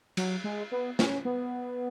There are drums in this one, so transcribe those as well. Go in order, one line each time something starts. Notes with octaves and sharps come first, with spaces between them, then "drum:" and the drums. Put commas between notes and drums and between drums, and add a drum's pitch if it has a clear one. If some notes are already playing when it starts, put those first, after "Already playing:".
F#3, drum: cymbal
G#3
B3
C#4, drum: snare
B3